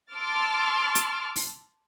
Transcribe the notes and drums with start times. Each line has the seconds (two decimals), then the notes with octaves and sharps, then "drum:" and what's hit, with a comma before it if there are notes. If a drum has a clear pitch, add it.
0.13 A5 C6 D6 E6 F6 A6
0.95 drum: hi-hat
1.36 drum: open hi-hat